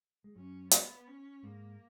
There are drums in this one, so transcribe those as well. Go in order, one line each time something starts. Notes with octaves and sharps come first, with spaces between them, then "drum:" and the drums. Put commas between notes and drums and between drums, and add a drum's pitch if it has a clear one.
G#3
F#2 F#3 C#4
B3, drum: hi-hat
C#4
G#2 G#3 A#3